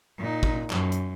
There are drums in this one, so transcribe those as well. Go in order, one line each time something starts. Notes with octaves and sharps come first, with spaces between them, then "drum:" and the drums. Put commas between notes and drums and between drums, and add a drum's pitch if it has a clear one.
A#2 D#4
drum: kick G#1
F#2, drum: clap
drum: hi-hat